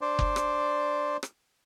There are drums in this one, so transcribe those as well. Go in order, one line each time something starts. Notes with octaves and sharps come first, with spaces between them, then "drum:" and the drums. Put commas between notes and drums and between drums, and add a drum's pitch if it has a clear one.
D4 C5 D5
drum: kick F#1
drum: rim click
drum: rim click